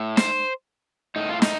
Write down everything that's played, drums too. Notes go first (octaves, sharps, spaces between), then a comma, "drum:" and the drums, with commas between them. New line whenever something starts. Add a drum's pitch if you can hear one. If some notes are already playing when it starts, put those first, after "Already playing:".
Already playing: A2
C5, drum: snare
A2 D#4
F4
D#4, drum: snare